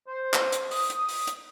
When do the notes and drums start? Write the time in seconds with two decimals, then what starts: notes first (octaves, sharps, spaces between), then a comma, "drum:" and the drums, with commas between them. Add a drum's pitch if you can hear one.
0.08 C5
0.34 drum: clap
0.52 drum: hi-hat
0.71 D#6, drum: open hi-hat
0.90 drum: hi-hat
1.09 drum: open hi-hat
1.27 drum: hi-hat